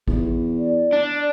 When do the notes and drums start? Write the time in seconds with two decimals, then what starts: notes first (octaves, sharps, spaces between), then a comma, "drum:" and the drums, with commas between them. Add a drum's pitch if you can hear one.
0.08 E2, drum: kick G#1
0.59 D5
0.92 D4